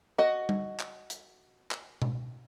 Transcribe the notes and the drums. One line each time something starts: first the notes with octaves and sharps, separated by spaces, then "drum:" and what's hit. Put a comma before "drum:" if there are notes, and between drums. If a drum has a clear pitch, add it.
F#4 D#5
drum: tom G3
drum: clap
drum: hi-hat
drum: clap
drum: tom B2